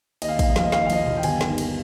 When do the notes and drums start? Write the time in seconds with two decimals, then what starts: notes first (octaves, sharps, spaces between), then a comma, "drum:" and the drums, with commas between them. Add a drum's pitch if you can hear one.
0.22 D#2 D#5, drum: cymbal
0.28 F5
0.36 D#5
0.39 D#2 F5, drum: kick, cymbal
0.50 D#5
0.56 F3 F5, drum: snare
0.64 D#5
0.72 D#2 F5, drum: snare
0.79 D#5
0.86 F5
0.90 F3 D#5, drum: cymbal
1.06 D#2, drum: tom A#2
1.17 G5
1.23 G1 G#5, drum: cymbal
1.41 D#3, drum: snare
1.58 drum: cymbal